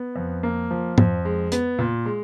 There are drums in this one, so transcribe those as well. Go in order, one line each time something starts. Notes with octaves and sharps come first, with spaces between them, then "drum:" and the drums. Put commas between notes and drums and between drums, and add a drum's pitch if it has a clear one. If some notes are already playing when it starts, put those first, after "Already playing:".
Already playing: B3
F2
A#3
F3
F2, drum: tom G#2
G#3
B3, drum: hi-hat
A#2
G#3